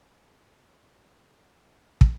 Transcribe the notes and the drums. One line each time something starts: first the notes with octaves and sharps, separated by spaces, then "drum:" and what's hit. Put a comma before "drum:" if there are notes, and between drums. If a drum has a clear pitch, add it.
A#2
F#3
E3
A1
drum: kick